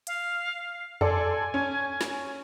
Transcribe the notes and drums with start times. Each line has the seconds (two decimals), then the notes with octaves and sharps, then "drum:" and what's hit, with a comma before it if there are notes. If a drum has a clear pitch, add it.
0.07 F5, drum: hi-hat
1.01 A4 D5 G#5 C6, drum: tom F2
1.54 C#4
2.01 drum: snare